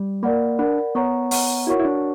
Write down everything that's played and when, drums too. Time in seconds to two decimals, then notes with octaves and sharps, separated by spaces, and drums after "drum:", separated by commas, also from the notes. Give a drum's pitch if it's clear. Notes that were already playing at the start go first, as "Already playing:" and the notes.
Already playing: G3
0.23 A#3 A#4 D5 F#5 B5
0.59 D4 A#4 D5 F#5 B5
0.95 B3 C#5 F#5 A#5 C#6
1.31 C#5 F#5 A#5 C#6, drum: open hi-hat
1.67 E4 F#4 A#4 C#5 F#5 C#6
1.79 E4
1.85 D4